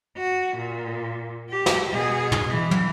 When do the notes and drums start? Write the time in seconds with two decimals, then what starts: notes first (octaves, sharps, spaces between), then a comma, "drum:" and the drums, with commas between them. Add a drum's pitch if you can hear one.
0.17 F#4
0.56 A#2
1.50 G4
1.66 drum: snare
1.92 B2 G#4
2.32 drum: tom
2.50 E3
2.71 drum: tom